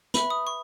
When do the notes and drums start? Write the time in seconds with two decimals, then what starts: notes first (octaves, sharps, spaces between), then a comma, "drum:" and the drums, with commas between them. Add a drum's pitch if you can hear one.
0.14 B4 E5 B5, drum: hi-hat
0.30 D#6
0.47 C#6